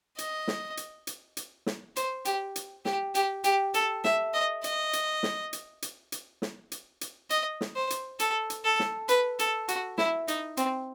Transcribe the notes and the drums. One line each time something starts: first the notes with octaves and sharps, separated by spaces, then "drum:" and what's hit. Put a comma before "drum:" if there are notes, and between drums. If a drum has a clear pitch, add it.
D#5, drum: hi-hat
drum: snare
drum: hi-hat
drum: hi-hat
drum: hi-hat
drum: snare
C5, drum: hi-hat
G4, drum: hi-hat
drum: hi-hat
G4, drum: snare
G4, drum: hi-hat
G4, drum: hi-hat
A4, drum: hi-hat
E5, drum: snare
D#5
D#5, drum: hi-hat
drum: hi-hat
drum: snare
drum: hi-hat
drum: hi-hat
drum: hi-hat
drum: snare
drum: hi-hat
drum: hi-hat
D#5, drum: hi-hat
drum: snare
C5
drum: hi-hat
A4, drum: hi-hat
drum: hi-hat
A4
drum: snare
B4, drum: hi-hat
A4, drum: hi-hat
F#4, drum: hi-hat
E4, drum: snare
D#4, drum: hi-hat
C4, drum: hi-hat